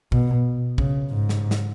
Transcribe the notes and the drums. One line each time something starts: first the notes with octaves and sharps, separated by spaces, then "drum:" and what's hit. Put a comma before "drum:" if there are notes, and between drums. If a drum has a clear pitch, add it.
B2, drum: kick
C#3, drum: kick
G#2
drum: snare
drum: snare